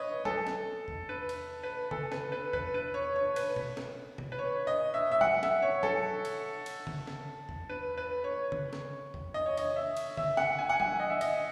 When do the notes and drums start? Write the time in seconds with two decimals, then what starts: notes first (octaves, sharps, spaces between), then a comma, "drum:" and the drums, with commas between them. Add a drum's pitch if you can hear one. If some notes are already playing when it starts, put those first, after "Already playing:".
Already playing: B4 C#5 D#5
0.25 A4, drum: tom F#3
0.47 drum: snare
0.88 drum: tom E2
1.09 B4
1.29 drum: cymbal
1.63 B4
1.91 A4, drum: tom C#3
2.12 B4, drum: snare
2.32 B4
2.53 B4, drum: tom E2
2.74 B4
2.94 C#5
3.16 C#5
3.36 B4, drum: cymbal
3.56 drum: tom B2
3.77 drum: snare
4.18 drum: tom B2
4.32 B4
4.39 C#5
4.67 D#5
4.94 E5
5.11 E5
5.21 F#5, drum: tom F#3
5.43 E5, drum: snare
5.62 C#5
5.83 A4, drum: tom F#3
6.25 drum: cymbal
6.66 drum: cymbal
6.87 drum: tom C#3
7.07 drum: snare
7.49 drum: tom E2
7.69 B4
7.98 B4
8.24 C#5
8.52 drum: tom C#3
8.73 drum: snare
9.14 drum: tom E2
9.34 D#5
9.46 C#5
9.57 D#5, drum: cymbal
9.76 E5
9.97 drum: cymbal
10.17 E5, drum: tom C#3
10.37 F#5, drum: snare
10.58 G#5
10.69 F#5
10.80 G#5, drum: tom F#3
11.00 D#5
11.10 E5
11.21 D#5, drum: cymbal